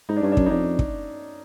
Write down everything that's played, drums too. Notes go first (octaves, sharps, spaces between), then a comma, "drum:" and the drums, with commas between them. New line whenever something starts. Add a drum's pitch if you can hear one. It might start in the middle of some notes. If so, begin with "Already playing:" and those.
G#2 D#4
D4
G2 C#4
D4
F#2, drum: kick
D#4
F2 D4
drum: kick